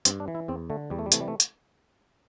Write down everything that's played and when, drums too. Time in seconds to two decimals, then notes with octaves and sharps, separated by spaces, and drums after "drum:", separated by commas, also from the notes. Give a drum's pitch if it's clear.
0.05 G2 C4, drum: hi-hat
0.20 D4
0.28 E3
0.35 E4
0.48 E2 C4
0.70 D3 A3
0.90 E2 G3
0.99 A3
1.06 G3
1.12 C3 E3 A3, drum: hi-hat
1.20 G3
1.28 A3
1.40 drum: hi-hat